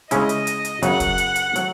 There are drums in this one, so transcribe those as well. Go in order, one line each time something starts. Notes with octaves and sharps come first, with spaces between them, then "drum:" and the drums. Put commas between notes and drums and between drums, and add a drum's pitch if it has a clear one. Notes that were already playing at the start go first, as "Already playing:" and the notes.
C#3 G#3 C#4 E4 D#5, drum: hi-hat
drum: hi-hat
drum: hi-hat
drum: hi-hat
F#2 C#3 F#3 F#5, drum: hi-hat
drum: kick, hi-hat
drum: hi-hat
drum: hi-hat
F#3 A3, drum: hi-hat